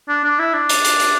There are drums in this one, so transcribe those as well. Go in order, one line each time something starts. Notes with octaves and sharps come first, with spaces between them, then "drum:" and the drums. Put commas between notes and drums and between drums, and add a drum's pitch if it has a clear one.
D4
D4
E4
D4
drum: hi-hat
drum: hi-hat
drum: hi-hat